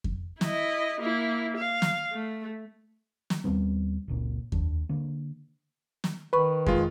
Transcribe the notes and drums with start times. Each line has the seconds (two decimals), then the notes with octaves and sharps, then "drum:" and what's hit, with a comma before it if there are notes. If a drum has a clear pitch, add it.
0.04 drum: kick F2
0.41 E4 D#5, drum: snare
1.00 A#3 E4
1.57 F5
1.82 drum: snare
2.13 A3
3.30 drum: snare
3.44 D#2 G3 B3 C4
4.08 F#1 C#2 A#2
4.52 D#2 D4, drum: kick F2
4.89 D3 A#3
6.04 drum: snare
6.33 D#3 B4 B5 C#6
6.66 G#3 F4, drum: kick F2